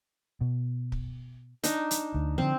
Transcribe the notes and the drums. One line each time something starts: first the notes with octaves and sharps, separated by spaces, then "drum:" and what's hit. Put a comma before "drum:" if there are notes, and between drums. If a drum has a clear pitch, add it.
B2
drum: kick
D4 D#4, drum: hi-hat
drum: hi-hat
D2
D3 D#3 F3 C4